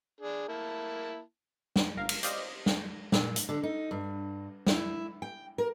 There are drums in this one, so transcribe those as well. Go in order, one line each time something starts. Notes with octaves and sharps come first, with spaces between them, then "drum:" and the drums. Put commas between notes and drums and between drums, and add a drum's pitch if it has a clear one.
D4 G#4
A#3 E4 A5
drum: snare
G1 A#4 F5
drum: cymbal
G4 C5 D5 D#5 F5, drum: hi-hat
drum: snare
A#2, drum: snare
drum: hi-hat
D3
D#4
G2
E4, drum: snare
G5
A#4